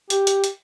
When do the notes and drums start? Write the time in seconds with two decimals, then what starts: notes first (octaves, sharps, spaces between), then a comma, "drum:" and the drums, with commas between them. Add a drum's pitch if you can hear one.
0.10 G4, drum: hi-hat
0.27 drum: hi-hat
0.44 drum: hi-hat